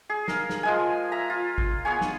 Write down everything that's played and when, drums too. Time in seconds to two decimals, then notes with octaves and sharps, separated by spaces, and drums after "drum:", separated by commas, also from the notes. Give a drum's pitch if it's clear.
0.09 G#4
0.28 A#4 F5, drum: snare
0.50 drum: snare
0.63 F3 G#3 G#5
1.12 E5 A#5
1.30 F4
1.58 drum: kick
1.85 B3 G#4 C#5 G#5
2.01 drum: snare